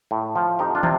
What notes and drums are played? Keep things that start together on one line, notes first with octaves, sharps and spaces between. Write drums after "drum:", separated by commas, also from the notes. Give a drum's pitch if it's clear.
A2
F3
F2 D#4 G4
D4 F4
C3, drum: tom